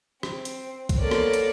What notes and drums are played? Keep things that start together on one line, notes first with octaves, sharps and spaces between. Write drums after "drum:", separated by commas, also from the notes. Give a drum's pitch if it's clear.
C4, drum: rim click
drum: hi-hat
drum: kick, hi-hat
A#3 B3 A4 A#4 C#5 D5
drum: rim click
drum: hi-hat